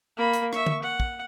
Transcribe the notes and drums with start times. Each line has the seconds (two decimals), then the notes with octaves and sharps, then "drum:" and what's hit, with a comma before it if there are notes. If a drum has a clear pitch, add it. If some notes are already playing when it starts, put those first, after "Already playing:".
0.17 A#3 B5
0.33 drum: hi-hat
0.53 E5 C#6, drum: rim click
0.66 drum: tom
0.83 F#5
1.00 drum: kick